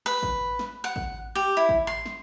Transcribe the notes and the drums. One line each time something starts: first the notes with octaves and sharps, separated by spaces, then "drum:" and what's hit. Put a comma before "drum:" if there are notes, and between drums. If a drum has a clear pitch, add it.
B4
drum: kick
drum: snare
F#5
drum: kick
G4
E4
drum: kick
C6
drum: snare